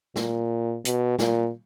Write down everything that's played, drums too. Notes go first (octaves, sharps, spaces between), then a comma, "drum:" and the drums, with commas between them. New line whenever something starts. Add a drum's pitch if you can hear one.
A#2, drum: snare
B2, drum: hi-hat
A#2, drum: snare